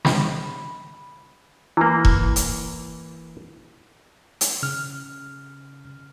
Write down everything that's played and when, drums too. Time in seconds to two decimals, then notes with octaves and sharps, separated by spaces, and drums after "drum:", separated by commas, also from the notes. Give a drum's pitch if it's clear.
0.05 B5, drum: snare
1.77 E3 A#3 E4
2.05 drum: kick E1
2.36 drum: hi-hat
4.41 drum: hi-hat
4.63 C#3 F6